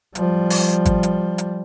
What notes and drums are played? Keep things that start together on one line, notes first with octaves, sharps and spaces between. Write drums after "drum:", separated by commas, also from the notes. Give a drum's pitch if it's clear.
F3 G3, drum: hi-hat
drum: open hi-hat
drum: kick G#1, hi-hat
drum: hi-hat
drum: hi-hat